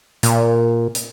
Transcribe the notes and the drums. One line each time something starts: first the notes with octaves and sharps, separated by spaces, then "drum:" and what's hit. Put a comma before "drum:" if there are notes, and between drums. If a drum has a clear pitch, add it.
A#2, drum: hi-hat
drum: hi-hat